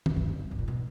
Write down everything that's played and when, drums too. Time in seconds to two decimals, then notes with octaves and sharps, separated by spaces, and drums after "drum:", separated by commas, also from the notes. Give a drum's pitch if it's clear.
0.06 F#2, drum: tom D#3
0.16 G2
0.28 G#2
0.40 G2
0.51 G#2
0.59 A#2
0.68 B2